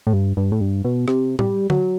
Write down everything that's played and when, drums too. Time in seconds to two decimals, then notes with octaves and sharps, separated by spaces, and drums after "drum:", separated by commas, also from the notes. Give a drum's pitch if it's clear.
0.07 A2
0.13 G2
0.37 G2
0.51 A2
0.61 G2
0.85 B2
1.08 C3, drum: rim click
1.39 G3, drum: tom A2
1.70 F#3, drum: tom